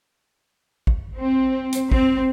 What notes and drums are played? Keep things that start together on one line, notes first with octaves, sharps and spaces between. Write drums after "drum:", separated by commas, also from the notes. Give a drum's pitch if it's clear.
drum: kick
C4
drum: hi-hat
C4, drum: kick